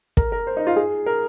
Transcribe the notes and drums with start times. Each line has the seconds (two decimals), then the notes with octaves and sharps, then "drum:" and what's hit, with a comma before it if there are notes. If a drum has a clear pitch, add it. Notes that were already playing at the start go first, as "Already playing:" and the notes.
0.17 A#4, drum: kick
0.32 A#4
0.47 C5
0.57 D#4
0.67 F4
0.76 G#4
1.06 A#4